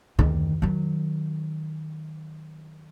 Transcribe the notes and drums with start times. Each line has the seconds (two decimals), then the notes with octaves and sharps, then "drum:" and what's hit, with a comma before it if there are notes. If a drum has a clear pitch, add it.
0.19 D2 D#3, drum: tom
0.62 D#3 F#3